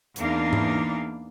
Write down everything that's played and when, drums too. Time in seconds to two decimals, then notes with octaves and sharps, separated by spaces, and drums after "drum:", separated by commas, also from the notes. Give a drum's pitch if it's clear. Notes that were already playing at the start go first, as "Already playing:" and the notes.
0.16 E2 E3 A#3 D4 D#4 F5, drum: hi-hat
0.53 drum: tom G#2